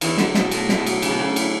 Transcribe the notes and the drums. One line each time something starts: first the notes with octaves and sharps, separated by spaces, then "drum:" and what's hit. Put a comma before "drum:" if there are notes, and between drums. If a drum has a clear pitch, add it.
E2 E3 E4, drum: cymbal
D3 F#3, drum: snare
B2 F#3, drum: snare
B2 A3, drum: cymbal
E4, drum: snare
B2
F#3, drum: cymbal
C#3 F#3, drum: cymbal
B2
C#3 A3
E4, drum: cymbal